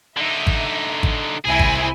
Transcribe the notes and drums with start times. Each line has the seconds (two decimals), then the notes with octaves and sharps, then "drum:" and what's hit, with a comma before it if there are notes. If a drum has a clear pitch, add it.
0.17 D3 D#4 E5
0.47 drum: kick G#1
1.03 drum: kick G#1
1.45 C2 C4 E4 G#4 G#5
1.59 drum: kick G#1